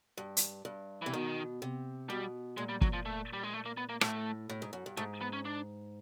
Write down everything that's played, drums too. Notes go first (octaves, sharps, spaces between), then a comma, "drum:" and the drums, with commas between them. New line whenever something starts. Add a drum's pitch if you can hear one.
G2
drum: hi-hat
G2
C3 E3
B2 D#3
C3
B2 G3
A#2 G#3
G3
F#3, drum: kick
F3
A3
G3
G#3
A3
A#3
B3
A#3
A2 A3, drum: rim click
A2
G#2
F#2
G2
G#2 A3
B3
C#4
D4